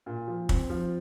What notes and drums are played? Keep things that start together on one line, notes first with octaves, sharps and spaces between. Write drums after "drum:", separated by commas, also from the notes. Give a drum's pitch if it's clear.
A#2
F3
C4, drum: kick
F3